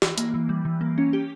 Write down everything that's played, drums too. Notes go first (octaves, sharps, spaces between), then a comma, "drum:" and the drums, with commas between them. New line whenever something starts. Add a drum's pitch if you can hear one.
E3, drum: snare
A#3, drum: hi-hat
E3
G3
E3
A#3
C#4
G4